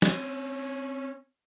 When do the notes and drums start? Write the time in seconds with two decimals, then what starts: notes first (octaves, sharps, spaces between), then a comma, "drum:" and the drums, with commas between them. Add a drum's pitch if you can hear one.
0.02 C4 C#4, drum: snare